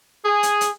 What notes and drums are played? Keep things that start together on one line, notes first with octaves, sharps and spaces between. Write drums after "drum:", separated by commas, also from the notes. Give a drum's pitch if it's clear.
G#4
drum: hi-hat
drum: hi-hat